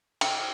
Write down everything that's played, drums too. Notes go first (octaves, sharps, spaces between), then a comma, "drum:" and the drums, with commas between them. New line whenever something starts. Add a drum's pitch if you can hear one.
G5, drum: cymbal